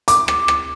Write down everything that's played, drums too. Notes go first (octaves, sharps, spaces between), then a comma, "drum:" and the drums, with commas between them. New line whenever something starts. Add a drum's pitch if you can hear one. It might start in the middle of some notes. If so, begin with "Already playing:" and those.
D6, drum: hi-hat
drum: rim click
drum: rim click